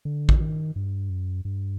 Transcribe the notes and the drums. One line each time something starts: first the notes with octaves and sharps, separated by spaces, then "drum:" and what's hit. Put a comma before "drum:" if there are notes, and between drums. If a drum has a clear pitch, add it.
D3
drum: kick A1
D#3
G2
F#2
G2